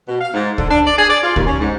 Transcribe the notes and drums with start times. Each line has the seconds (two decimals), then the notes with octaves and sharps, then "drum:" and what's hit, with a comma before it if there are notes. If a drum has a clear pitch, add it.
0.08 B2
0.21 F5
0.34 G#2
0.58 D3, drum: kick
0.70 D4
0.85 D5
0.98 G#4
1.10 D5
1.23 F4
1.36 D#2, drum: kick
1.47 C#4
1.60 G#2